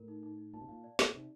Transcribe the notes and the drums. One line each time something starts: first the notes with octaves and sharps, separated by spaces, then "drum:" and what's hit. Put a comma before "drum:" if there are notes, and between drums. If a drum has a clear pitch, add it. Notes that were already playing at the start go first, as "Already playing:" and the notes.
Already playing: A2 A#4
D#4
D#4
D#4
A#2 A5
C3
A#2 F5
D5
A#2 D5, drum: snare
C3 D#4